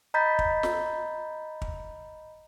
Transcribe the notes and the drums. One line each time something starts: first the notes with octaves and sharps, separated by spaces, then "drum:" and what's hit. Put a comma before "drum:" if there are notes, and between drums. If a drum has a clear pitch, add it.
D#5 A#5 B5 G6 A6 B6
drum: kick
drum: snare
drum: kick